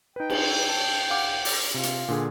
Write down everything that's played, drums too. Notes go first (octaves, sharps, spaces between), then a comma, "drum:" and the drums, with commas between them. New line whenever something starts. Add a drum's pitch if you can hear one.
D#4 B4 G5
drum: cymbal
A5
F5 F#5 D6
D6 A6, drum: open hi-hat
C3 F4
drum: hi-hat
A#2 D3 G#4